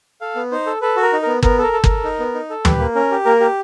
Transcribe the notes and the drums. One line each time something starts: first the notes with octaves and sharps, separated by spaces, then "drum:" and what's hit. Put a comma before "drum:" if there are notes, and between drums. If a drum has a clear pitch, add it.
A4 F5
B3
D#4 C5
A4
A4 B4
F#4
A#4
D#4
B3 A#4
B3 A#4, drum: kick G1
A4 A#4
A4
A4 A#4, drum: kick G1
D#4
B3
D#4
A4
G4 B4, drum: tom
A#3
C#4 A#4
G4
A#3 A#4
G4